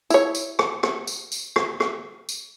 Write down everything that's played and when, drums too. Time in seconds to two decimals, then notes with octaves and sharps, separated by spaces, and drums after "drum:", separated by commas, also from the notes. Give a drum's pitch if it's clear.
0.10 E4 C#5, drum: tambourine
0.35 drum: tambourine
0.59 drum: rim click
0.83 drum: rim click
1.07 drum: tambourine
1.32 drum: tambourine
1.56 drum: rim click
1.80 drum: rim click
2.29 drum: tambourine